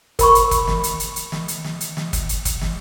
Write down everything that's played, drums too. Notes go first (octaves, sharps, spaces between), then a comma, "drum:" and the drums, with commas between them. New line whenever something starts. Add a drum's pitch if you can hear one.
A#4 B5 C#6, drum: kick, hi-hat
drum: hi-hat
drum: kick, hi-hat
drum: snare
drum: hi-hat
drum: hi-hat
drum: hi-hat
drum: snare
drum: hi-hat
drum: snare
drum: hi-hat
drum: snare
drum: kick, hi-hat
drum: hi-hat
drum: kick, hi-hat
drum: snare